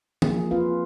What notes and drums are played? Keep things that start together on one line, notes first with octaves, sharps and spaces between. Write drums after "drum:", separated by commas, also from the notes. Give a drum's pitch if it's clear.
F3 A#3 G#4, drum: tom
C4 F4 B4 F5